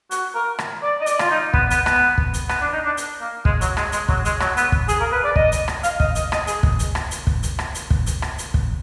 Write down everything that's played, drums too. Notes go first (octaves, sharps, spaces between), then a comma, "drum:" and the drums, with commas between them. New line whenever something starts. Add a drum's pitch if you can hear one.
F#4, drum: hi-hat
A#4
drum: rim click
D5
D#5
D5, drum: hi-hat
F4, drum: rim click
D#4
B3, drum: kick
B3, drum: hi-hat
B3, drum: rim click
drum: kick
drum: hi-hat
B3, drum: rim click
D4
D#4
D4
drum: hi-hat
A#3
G#3, drum: kick
F#3, drum: hi-hat
G#3, drum: rim click
G#3, drum: hi-hat
F#3, drum: kick
G#3, drum: hi-hat
F#3, drum: rim click
B3, drum: hi-hat
drum: kick
G#4, drum: hi-hat
A#4
B4
D5
D#5, drum: kick
drum: hi-hat
drum: rim click
F5, drum: hi-hat
D#5, drum: kick
D#5, drum: hi-hat
D#5, drum: rim click
G#4, drum: hi-hat
drum: kick
drum: hi-hat
drum: rim click
drum: hi-hat
drum: kick
drum: hi-hat
drum: rim click
drum: hi-hat
drum: kick
drum: hi-hat
drum: rim click
drum: hi-hat
drum: kick